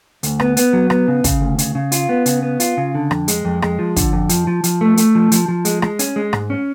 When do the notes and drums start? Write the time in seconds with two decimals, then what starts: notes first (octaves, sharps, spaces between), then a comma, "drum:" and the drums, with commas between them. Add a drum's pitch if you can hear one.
0.23 D2, drum: hi-hat
0.40 B3, drum: rim click
0.57 B3, drum: hi-hat
0.73 F#3
0.90 B3, drum: rim click
1.08 C#3
1.24 C#3, drum: kick, hi-hat
1.41 D2
1.58 C#3, drum: hi-hat
1.75 C#3
1.92 F4, drum: hi-hat
2.09 B3
2.26 C#3, drum: hi-hat
2.43 B3
2.60 F4, drum: hi-hat
2.77 C#3
2.95 D3
3.11 F2, drum: rim click
3.28 G#3, drum: hi-hat
3.45 F2
3.62 G#3, drum: rim click
3.79 F3
3.96 D3, drum: kick, hi-hat
4.13 F2
4.29 F3, drum: hi-hat
4.47 F3
4.64 F3, drum: hi-hat
4.81 A3
4.97 A3, drum: hi-hat
5.15 F3
5.32 F3, drum: hi-hat
5.48 F3
5.65 G#3, drum: hi-hat
5.82 G#3, drum: rim click
5.99 C#4, drum: hi-hat
6.16 G#3
6.33 G#2, drum: rim click
6.50 C#4